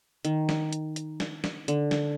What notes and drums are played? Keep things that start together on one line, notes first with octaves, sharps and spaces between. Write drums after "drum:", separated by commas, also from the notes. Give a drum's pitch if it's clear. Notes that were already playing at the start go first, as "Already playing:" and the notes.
D#3, drum: hi-hat
drum: snare
drum: hi-hat
drum: hi-hat
drum: snare
drum: snare
D3, drum: hi-hat
drum: snare